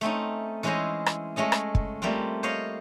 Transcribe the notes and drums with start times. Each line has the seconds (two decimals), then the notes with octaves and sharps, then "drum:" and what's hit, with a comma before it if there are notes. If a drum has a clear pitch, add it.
0.01 A3 C4 C#4 D#4
0.63 E3 G#3 C#4 E4 C5 D#5
1.06 drum: rim click
1.36 G#3 A3 C#4 D#5
1.52 drum: rim click
1.75 drum: kick
2.02 G3 A3 A#3 C4 F4
2.43 C5 C#5 D#5 F5